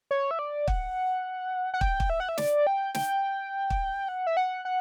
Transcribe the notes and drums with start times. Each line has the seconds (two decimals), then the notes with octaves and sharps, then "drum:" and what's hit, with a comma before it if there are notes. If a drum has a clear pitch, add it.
0.11 C#5
0.31 E5
0.39 D5
0.68 F#5, drum: kick
1.74 F#5
1.81 G5, drum: kick
2.00 drum: kick
2.10 E5
2.20 F#5
2.29 E5
2.38 D5, drum: snare
2.67 G5
2.94 G5, drum: snare
3.70 drum: kick
4.08 F#5
4.27 E5
4.37 F#5
4.65 F#5